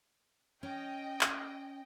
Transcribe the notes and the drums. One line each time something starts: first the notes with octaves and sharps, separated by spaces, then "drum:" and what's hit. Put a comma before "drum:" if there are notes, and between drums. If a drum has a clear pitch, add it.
C#4 D#5 G5
drum: clap